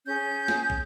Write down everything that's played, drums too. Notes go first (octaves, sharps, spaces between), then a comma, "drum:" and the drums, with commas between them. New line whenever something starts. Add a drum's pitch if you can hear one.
C#4 G#4 G6
drum: snare
drum: kick